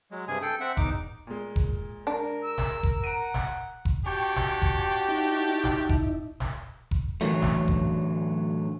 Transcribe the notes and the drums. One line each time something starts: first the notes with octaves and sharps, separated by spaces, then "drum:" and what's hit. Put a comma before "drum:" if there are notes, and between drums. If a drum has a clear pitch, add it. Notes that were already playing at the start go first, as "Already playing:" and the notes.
F#3 G#3
G2 C3 G#4 G#5
A4 G5
C4 E5 F#5
E2 D#4 D6, drum: kick F1
A#2 G#3
drum: kick F1
D4 A#4
E6
drum: snare
drum: kick F1
F#5 A#5 D7 D#7
drum: snare
drum: kick F1
D4 F#4 G4 G5 G#5 C#6
drum: snare
drum: kick F1
D#4 E4
drum: snare
drum: kick F1
drum: snare
drum: kick F1
A2 D3 E3 F#3 A3
drum: snare
drum: kick F1